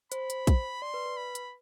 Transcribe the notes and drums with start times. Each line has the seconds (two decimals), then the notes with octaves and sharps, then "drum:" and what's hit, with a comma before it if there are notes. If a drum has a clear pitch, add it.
0.12 C5 B5, drum: hi-hat
0.30 drum: hi-hat
0.47 drum: kick, hi-hat
0.82 D5 C6
0.94 B4
1.06 B4
1.17 B5
1.35 drum: hi-hat